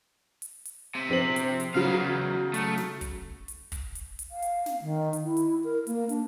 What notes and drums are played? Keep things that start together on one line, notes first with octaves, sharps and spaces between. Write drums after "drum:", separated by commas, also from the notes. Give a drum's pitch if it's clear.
drum: hi-hat
drum: hi-hat
C3
A#1 C4 F#7
drum: hi-hat
drum: hi-hat
C#3 F#3 B3 F5
E2
A3, drum: hi-hat
drum: snare
drum: kick, hi-hat
drum: hi-hat
drum: kick, hi-hat
drum: hi-hat
drum: hi-hat
F5
drum: hi-hat
drum: snare
D#3
drum: hi-hat
E4
drum: hi-hat
A#4
A#3, drum: hi-hat
D4, drum: hi-hat